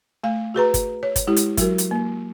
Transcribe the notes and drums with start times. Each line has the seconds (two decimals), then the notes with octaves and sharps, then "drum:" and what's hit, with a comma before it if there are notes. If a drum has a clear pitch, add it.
0.24 A3 F5
0.54 F#4 G#4 B4 A#5
0.74 drum: kick G1, hi-hat
1.03 C#5
1.16 drum: kick G1, hi-hat
1.27 G#3 E4 G4
1.36 drum: hi-hat
1.57 F#3 F#4 A#4, drum: kick G1, hi-hat
1.78 drum: hi-hat
1.91 A#3